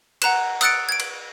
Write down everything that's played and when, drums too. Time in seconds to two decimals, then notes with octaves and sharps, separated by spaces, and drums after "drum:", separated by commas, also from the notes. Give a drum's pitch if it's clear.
0.22 F#5 A#5 F#6 E7, drum: cymbal
0.61 D#6 E6 F#6 A6 C#7 D7, drum: cymbal
0.89 G#6 D7
1.00 drum: cymbal